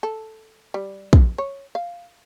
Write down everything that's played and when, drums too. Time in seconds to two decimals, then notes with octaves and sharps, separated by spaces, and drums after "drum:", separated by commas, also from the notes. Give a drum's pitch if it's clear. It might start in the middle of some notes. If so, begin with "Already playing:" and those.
0.03 A4
0.74 G3
1.13 drum: kick
1.38 C#5
1.75 F5